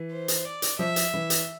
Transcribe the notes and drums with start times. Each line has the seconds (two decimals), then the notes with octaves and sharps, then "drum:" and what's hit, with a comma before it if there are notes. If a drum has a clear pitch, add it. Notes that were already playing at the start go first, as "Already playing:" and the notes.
Already playing: E3
0.11 C5
0.28 drum: hi-hat
0.45 D5
0.62 drum: hi-hat
0.79 F3 E5
0.96 drum: hi-hat
1.14 E3
1.30 drum: hi-hat